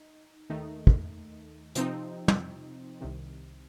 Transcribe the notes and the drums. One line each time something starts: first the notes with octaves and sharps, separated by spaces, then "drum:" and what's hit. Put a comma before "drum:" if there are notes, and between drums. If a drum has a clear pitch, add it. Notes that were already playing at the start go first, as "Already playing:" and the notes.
Already playing: D#4
D#2 D#3 A3 D#4
drum: kick
C3 F3 C4 D#4, drum: hi-hat
drum: tom
C2 C3 D#3